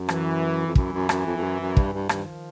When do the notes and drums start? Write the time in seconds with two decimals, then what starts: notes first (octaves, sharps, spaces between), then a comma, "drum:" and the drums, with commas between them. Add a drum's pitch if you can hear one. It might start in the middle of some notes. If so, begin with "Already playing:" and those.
Already playing: F#2
0.09 E3, drum: rim click
0.66 F2
0.75 F#2 E3, drum: kick
0.93 F#2
1.09 F#2, drum: rim click
1.26 F2
1.37 F2
1.43 F#2
1.60 F#2
1.77 G2, drum: kick
1.93 G2
2.09 G2 D#3 F3, drum: rim click